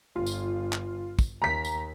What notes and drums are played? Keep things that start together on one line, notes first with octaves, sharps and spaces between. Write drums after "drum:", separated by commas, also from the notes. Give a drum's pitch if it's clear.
G1 F4
drum: tambourine
drum: clap
drum: kick, tambourine
D#2 A#5 B6
drum: tambourine